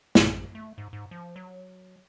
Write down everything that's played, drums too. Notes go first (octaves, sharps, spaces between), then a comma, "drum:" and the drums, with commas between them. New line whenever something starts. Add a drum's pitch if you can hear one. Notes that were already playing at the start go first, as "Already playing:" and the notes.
A#1, drum: snare
A3
G#2
G#2
F3
F#3